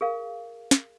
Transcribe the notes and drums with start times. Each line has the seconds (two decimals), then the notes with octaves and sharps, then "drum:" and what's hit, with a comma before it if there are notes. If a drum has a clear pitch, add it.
0.01 G#4 A#4 F5
0.71 drum: snare